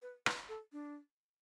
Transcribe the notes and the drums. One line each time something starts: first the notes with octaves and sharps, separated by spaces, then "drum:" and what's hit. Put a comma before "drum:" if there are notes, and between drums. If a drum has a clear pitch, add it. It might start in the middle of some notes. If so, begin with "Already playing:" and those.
B4
B4, drum: rim click
A4
D4